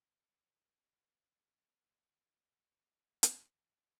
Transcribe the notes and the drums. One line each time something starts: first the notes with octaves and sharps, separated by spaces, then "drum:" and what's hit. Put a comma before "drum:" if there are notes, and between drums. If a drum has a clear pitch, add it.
B4
D#2 D#3 B4
C5
B4
F#2 D3 C5
F#2 D3
G2 E3
drum: hi-hat
G2 E3